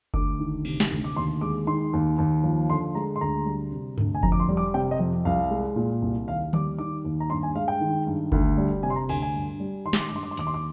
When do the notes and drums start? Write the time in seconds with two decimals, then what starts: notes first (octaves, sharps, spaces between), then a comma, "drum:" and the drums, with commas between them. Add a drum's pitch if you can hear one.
0.14 D2 D6, drum: kick F#1
0.39 D#3
0.65 C3, drum: cymbal
0.80 drum: snare
0.91 D2
1.04 D6
1.16 D#2 C6
1.41 G#3 D6
1.67 D#3 C6
1.93 D#2
2.18 D#2
2.43 F3
2.69 D3 C6
2.95 G#3 A#5
3.16 C6
3.21 D2 A#5
3.46 G3
3.72 C3
3.98 D2, drum: tom G2
4.15 G#5
4.23 F2 A#5, drum: kick F#1
4.32 D6
4.40 C6
4.49 G3
4.57 D6
4.74 C3 G5
4.91 D#5
4.99 F2
5.25 C2 F5
5.51 G#3
5.76 A#2
6.02 C2
6.27 D#2 F5
6.53 G3 D6, drum: tom D3
6.78 D#3 D6
7.04 D#2
7.20 A#5
7.30 G2 C6
7.43 G#5
7.55 G#3 F5
7.68 G5
7.81 D#3
8.07 G2
8.32 D2, drum: kick F#1
8.58 G3
8.83 C3 G#5
8.90 C6
8.96 A#5
9.09 D2 G#5, drum: cymbal
9.22 G#5
9.35 G2
9.60 G3
9.85 D#3 C6
9.93 D6, drum: snare
10.01 C6
10.09 D6
10.12 G2 C6
10.23 D6
10.31 C6
10.37 D#2 D6, drum: hi-hat
10.47 C6
10.54 D6